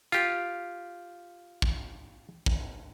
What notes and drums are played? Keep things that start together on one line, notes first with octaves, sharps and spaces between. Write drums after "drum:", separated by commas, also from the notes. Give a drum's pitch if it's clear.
F4 G4, drum: hi-hat
drum: kick
drum: kick